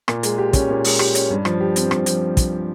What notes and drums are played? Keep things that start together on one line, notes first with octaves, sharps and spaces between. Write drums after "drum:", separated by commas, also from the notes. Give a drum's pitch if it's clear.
A#2, drum: rim click
G#3, drum: hi-hat
G4
C#4, drum: kick, hi-hat
A#2
G#3, drum: open hi-hat
G4, drum: rim click
C#4, drum: hi-hat
G2
F3, drum: rim click
G4
C4, drum: hi-hat
G2, drum: rim click
F3, drum: hi-hat
drum: kick, hi-hat